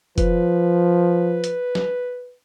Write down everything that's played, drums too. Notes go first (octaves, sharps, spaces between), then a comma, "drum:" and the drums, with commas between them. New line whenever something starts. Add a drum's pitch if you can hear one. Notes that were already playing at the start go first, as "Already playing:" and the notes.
F3 B4, drum: kick F1, hi-hat
drum: hi-hat
drum: snare